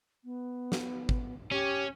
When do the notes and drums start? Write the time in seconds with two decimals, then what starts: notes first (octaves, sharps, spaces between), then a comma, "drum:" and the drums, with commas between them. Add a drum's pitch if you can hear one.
0.24 B3
0.72 drum: snare
1.09 drum: kick
1.51 C#4 G4